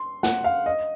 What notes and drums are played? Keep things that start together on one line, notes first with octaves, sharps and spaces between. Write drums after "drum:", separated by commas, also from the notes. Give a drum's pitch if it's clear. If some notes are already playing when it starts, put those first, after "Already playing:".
Already playing: C6
F#5, drum: snare
F5
D#5